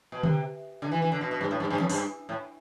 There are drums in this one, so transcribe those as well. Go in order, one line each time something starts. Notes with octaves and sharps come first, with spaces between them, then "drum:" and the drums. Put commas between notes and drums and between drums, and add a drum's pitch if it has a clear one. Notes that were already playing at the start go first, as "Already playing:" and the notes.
B2
C3, drum: tom D3
D3
E3
E3
D3
B2
B2
G2
A2
G2
G2
F2
G2, drum: open hi-hat
A2